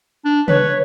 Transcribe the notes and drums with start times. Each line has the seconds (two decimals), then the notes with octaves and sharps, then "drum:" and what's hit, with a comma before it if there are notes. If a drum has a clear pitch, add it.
0.25 D4
0.48 B4 C#5, drum: tom